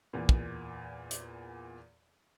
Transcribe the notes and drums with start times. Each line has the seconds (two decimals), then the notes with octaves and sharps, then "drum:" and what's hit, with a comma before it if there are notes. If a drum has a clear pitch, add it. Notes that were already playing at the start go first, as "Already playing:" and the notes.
0.13 E2 A#2
0.29 drum: kick
1.11 drum: hi-hat